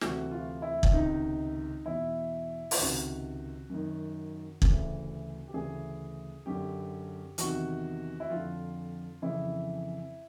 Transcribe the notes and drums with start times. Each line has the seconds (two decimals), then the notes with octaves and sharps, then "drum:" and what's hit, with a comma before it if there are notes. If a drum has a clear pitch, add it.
0.01 D2 C3 E3 F#4, drum: snare
0.31 F4
0.62 E4
0.83 drum: kick
0.93 C#2 C3 D#3 D#4
1.86 E2 B2 E4
2.71 F4, drum: open hi-hat
2.78 C#2 C3 D#3 F#4
3.70 F#2 D#3
4.62 D2 C#3 E3, drum: kick
5.48 G4
5.54 D2 C#3 E3 G#4
6.46 F#2 D3 G4
7.38 E2 C3 D#3 F#4, drum: hi-hat
8.20 E4
8.30 F2 D3 F4
9.22 F2 C#3 E3 E4